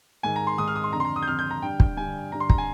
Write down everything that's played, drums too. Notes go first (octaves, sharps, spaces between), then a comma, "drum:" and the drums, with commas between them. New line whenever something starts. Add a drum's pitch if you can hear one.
G#2 D#3 G#5
A#5
C6
G#2 D#3 D#6
F6
D#6
C6
F2 D3 A#5
C6
A#5
D#6
G6
F2 D3 F6
G6
A#5
G2 D3 G5
drum: kick
G2 D3 G#5
G2 D3 A#5
C6
A#5, drum: kick
G#5